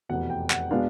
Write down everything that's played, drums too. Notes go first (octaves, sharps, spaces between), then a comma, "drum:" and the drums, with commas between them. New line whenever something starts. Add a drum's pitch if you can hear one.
F1 E2 B2 F#5
G5
F#5, drum: clap
B2 G#3 B3 D4 F5